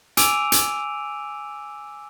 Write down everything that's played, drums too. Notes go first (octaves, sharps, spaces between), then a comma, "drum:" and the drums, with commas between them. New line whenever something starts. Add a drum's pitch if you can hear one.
G#5 D6 E6 D7 D#7 F7, drum: hi-hat
drum: hi-hat